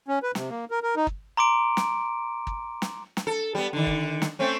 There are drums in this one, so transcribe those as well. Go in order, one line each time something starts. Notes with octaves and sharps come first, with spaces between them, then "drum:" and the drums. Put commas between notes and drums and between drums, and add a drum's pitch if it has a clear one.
C#4
B4
C3, drum: snare
A#3
A#4
A#4
D#4
drum: kick
A#5 C6 D6 D7
drum: snare
drum: kick
drum: snare
drum: snare
A4
G3 B3
D3 D#3
drum: kick
drum: snare
A3 C4 C#4